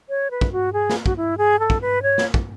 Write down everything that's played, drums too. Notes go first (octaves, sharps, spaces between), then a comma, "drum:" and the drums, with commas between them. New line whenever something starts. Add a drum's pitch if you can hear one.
C#5
B4
drum: kick
F#4
G#4
drum: snare
F#4, drum: kick
E4
G#4
A4
drum: kick
B4
C#5
drum: snare
drum: kick